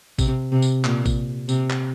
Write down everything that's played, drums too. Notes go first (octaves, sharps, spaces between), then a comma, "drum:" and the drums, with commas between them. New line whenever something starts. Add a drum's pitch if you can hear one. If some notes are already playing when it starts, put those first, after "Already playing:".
C3, drum: kick A1, tambourine
C3
drum: tambourine
A#2, drum: clap
drum: kick A1, tambourine
C3, drum: tambourine
drum: clap